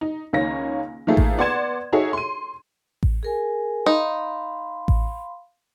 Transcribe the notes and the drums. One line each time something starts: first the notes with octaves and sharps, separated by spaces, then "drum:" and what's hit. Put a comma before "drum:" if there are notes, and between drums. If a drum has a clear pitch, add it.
D#4
C#2 D#3 A#3 C#4 A#6
D#3 F3 A3 A#3 G#4
drum: kick A1
B3 D5 F#5 C6 G#6 E7
D#4 F#4 G#4 A4 C#5 E5
C6 D#7
drum: kick A1
G#4 A#4 G#5
D#4 F5 B5 C6
drum: kick A1